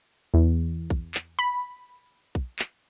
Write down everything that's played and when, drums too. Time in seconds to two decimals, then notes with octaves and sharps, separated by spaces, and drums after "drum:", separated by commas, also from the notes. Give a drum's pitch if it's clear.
0.34 E2
0.90 drum: kick
1.15 drum: clap
1.39 B5
2.35 drum: kick
2.59 drum: clap